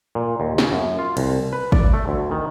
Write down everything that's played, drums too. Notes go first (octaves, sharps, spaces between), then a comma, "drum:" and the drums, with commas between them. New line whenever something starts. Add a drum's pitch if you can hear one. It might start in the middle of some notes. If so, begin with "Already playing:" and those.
A#2
D#2
C#3, drum: snare
F#2
F4
C2, drum: cymbal
B4
D5, drum: kick
A3
D2
D#3